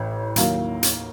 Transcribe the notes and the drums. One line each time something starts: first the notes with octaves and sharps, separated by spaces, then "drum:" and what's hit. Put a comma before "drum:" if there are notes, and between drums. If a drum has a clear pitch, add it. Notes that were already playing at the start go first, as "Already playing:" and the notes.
Already playing: A1 A2
D#2 D#3 F#3 A#3, drum: hi-hat
drum: hi-hat